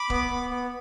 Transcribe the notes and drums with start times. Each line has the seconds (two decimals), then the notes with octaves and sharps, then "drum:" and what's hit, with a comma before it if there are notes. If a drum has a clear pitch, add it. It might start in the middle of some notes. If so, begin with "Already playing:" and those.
Already playing: B5 D6
0.10 B3, drum: kick
0.31 B3
0.50 B3